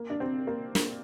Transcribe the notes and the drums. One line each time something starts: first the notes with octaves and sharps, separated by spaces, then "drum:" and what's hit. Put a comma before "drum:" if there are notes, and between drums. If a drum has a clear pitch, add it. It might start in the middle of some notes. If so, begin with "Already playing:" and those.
Already playing: A#3
D4
C4
A#3
A#3, drum: snare